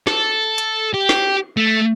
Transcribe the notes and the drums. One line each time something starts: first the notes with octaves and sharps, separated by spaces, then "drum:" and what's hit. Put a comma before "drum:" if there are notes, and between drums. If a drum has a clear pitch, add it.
A4, drum: snare
drum: hi-hat
G4
drum: snare
A3